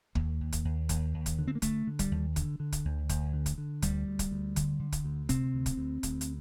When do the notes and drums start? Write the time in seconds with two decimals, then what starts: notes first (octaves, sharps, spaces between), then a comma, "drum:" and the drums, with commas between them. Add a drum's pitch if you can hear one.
0.15 D#2 A#3, drum: kick
0.41 D#2
0.52 drum: kick, hi-hat
0.65 D#2
0.89 D#2, drum: kick, hi-hat
1.14 D#2
1.26 drum: kick, hi-hat
1.39 D3
1.48 C4
1.55 A#3
1.62 D3 A3, drum: kick, hi-hat
1.87 D3
1.99 G3, drum: kick, hi-hat
2.11 D#2
2.36 D3, drum: kick, hi-hat
2.60 D3
2.72 drum: kick, hi-hat
2.85 D2
3.09 D2, drum: kick, hi-hat
3.33 D3
3.46 drum: kick, hi-hat
3.58 D3
3.82 D2 G3, drum: kick, hi-hat
4.07 D2
4.19 drum: kick, hi-hat
4.31 D2
4.56 D3, drum: kick, hi-hat
4.80 D3
4.92 drum: kick, hi-hat
5.04 D2
5.29 C3 C4, drum: kick, hi-hat
5.54 D2
5.66 drum: kick, hi-hat
5.77 D2
6.03 D2, drum: kick, hi-hat
6.21 drum: hi-hat